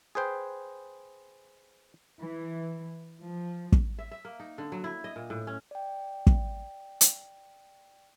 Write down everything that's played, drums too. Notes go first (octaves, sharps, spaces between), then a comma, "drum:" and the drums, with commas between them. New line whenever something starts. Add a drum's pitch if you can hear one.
G#4 B4 C5 G5
E3
F3
drum: kick
E5
E5
A#3
D#4
D3
F#3
E4
D#5
A#2
A2
C#4
D5 G5
drum: kick
drum: hi-hat